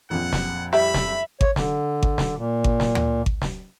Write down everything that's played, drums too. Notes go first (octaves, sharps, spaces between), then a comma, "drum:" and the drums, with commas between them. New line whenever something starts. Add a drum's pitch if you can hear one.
A#1 F2 F#5
drum: snare
G3 E4 E5 B5
drum: snare
C#5, drum: kick G#1
D3, drum: snare
drum: kick G#1
drum: snare
A#2
drum: kick G#1
drum: snare
drum: tom D2
drum: kick G#1
drum: snare